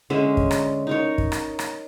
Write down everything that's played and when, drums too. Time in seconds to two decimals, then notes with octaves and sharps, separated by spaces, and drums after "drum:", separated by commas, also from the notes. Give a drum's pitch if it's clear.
0.10 D3 G#3 C#4 E5
0.37 drum: kick
0.51 drum: rim click
0.87 D#4 A#4 C#5
1.18 drum: kick
1.32 drum: rim click
1.59 drum: rim click